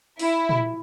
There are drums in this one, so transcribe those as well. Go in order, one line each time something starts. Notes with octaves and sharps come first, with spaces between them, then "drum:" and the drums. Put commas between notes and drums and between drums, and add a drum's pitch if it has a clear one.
E4, drum: open hi-hat
drum: tom A#2